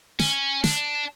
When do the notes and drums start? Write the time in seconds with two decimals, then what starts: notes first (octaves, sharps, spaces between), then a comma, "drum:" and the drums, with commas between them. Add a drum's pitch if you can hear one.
0.19 C#4, drum: snare
0.64 D4, drum: snare